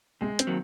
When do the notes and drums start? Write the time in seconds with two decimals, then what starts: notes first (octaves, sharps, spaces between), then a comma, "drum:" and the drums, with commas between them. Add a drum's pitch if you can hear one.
0.21 C3 G#3
0.39 C4, drum: hi-hat
0.47 D#3 F#3 A#3